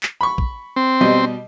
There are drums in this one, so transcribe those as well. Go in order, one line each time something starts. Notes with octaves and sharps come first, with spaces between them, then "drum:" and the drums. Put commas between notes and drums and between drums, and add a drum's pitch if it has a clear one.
drum: clap
B5 C#6
drum: kick
C4
B2 G3 D#5